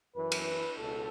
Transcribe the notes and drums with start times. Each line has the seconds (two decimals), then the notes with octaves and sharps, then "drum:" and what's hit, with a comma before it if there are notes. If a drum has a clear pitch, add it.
0.15 F#2 E3 B4
0.32 drum: cymbal
0.77 C#2 B2 A4